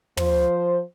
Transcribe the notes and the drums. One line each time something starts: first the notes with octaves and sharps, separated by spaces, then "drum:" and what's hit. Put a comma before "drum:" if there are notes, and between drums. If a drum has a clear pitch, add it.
F3 C5, drum: tom